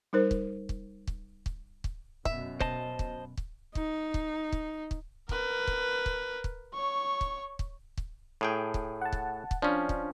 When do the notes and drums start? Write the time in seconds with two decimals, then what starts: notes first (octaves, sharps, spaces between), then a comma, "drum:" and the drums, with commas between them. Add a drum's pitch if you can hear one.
0.13 G3 D#4 A#4 C5
0.31 drum: kick
0.69 drum: kick
1.07 drum: kick
1.46 drum: kick
1.84 drum: kick
2.25 F#2 B2 E5, drum: kick
2.60 C5 D#5 A5, drum: kick
2.99 drum: kick
3.37 drum: kick
3.75 D#4, drum: kick
4.14 drum: kick
4.52 drum: kick
4.91 drum: kick
5.29 A#4 B4, drum: kick
5.67 drum: kick
6.06 drum: kick
6.44 drum: kick
6.74 C#5 C#6
7.21 drum: kick
7.59 drum: kick
7.98 drum: kick
8.41 A2 G#4 G5
8.74 drum: kick
9.02 F#5 A5
9.13 drum: kick
9.51 drum: kick
9.62 F3 C#4 D4
9.89 drum: kick